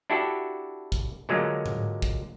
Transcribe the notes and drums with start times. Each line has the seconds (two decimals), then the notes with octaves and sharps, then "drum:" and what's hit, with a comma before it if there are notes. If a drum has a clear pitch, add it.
0.10 D4 E4 F#4 G4 A4
0.92 drum: kick, tambourine
1.29 A#2 D3 F#3 G#3 A#3
1.66 drum: tom G#2
2.02 drum: kick